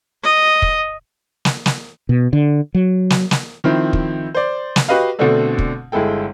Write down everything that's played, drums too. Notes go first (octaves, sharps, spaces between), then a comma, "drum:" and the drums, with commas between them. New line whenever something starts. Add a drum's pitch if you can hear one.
D#5
drum: kick
drum: snare
drum: snare
B2
D3
F#3
drum: snare
drum: snare
D#3 F3 C4 E4
drum: kick
C5 D5
drum: snare
F#4 G4 B4 D#5 F5
B2 D3 A3 C4 D4 A4
drum: kick
G1 G#3 E4 A4 G5